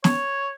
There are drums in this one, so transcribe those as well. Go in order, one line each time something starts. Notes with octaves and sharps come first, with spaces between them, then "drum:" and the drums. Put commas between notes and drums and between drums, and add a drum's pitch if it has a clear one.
C#5, drum: snare